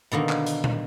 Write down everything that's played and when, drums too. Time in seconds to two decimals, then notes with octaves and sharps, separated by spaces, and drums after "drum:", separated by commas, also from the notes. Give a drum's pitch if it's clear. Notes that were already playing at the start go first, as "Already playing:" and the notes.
0.12 B2 D3 D#3 A#3
0.29 drum: clap
0.46 drum: hi-hat
0.64 drum: tom